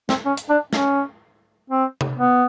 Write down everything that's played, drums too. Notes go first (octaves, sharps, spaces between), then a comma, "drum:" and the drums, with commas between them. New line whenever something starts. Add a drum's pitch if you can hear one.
C4, drum: snare
C#4
drum: hi-hat
D4
C#4, drum: snare
C4
drum: tom C3
B3